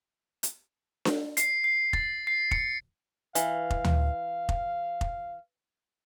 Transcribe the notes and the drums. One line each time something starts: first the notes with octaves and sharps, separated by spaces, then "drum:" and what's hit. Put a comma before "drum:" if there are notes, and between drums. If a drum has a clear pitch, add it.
drum: hi-hat
drum: snare D4
C7, drum: hi-hat
C7
A6, drum: kick F1
C7
C#7, drum: kick F1
E3 F5, drum: hi-hat
drum: kick F1
drum: tom D2
drum: kick F1
drum: kick F1